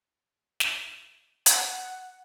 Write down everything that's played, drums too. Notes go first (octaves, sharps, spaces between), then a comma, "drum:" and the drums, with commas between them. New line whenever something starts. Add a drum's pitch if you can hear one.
drum: snare
F#5, drum: hi-hat